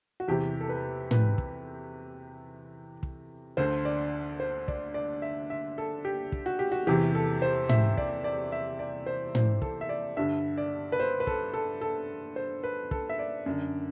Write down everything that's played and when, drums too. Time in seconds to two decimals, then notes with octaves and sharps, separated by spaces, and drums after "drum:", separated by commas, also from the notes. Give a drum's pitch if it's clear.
0.20 F#4
0.28 E2 C3 E3 G4
0.61 A4
0.69 B4
1.11 B4, drum: tom
1.38 drum: kick
3.03 drum: kick
3.57 D2 D3 C5
3.85 D5
4.40 C5
4.68 D5, drum: kick
4.94 D5
5.22 E5
5.50 E5
5.78 A4
6.05 G4
6.32 drum: kick
6.46 F#4
6.59 G4
6.72 F#4
6.87 E2 C3 E3 G4
7.15 A4
7.42 C5
7.69 E5, drum: tom
7.97 D5, drum: kick
8.24 D5
8.52 E5
8.79 D5
9.06 C5
9.35 C5, drum: tom
9.62 A4, drum: kick
9.81 E5
9.89 D5
10.17 G2 D3 E5
10.58 D5
10.92 B4
11.00 C5
11.20 B4
11.27 A4, drum: kick
11.53 A4
11.81 A4
12.36 C5
12.64 B4
12.91 A4, drum: kick
13.09 E5
13.19 D5
13.46 F#2 D3